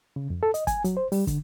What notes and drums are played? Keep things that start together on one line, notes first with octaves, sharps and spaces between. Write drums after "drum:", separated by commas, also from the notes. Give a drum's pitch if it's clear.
C#3
F2
A4
D#5, drum: hi-hat
G#5, drum: kick, hi-hat
F#3, drum: hi-hat
C5
G3, drum: open hi-hat
D3, drum: kick, hi-hat